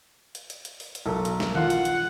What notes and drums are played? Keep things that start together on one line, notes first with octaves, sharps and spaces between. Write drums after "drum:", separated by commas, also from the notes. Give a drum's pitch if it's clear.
drum: hi-hat
drum: hi-hat
drum: hi-hat
drum: open hi-hat
drum: hi-hat
B1 A4 A#4
drum: hi-hat
drum: snare
F4 F5 F#5, drum: tom D#3
drum: hi-hat
drum: hi-hat